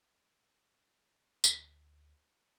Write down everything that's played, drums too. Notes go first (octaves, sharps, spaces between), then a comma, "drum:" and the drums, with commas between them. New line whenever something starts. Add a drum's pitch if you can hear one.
D2, drum: tambourine